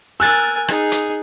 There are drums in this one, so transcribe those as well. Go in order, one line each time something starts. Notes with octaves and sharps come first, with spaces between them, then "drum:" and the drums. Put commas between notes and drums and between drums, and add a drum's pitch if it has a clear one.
A#4 G#5 E6 F#6 A6
D#4 G#4, drum: rim click
drum: hi-hat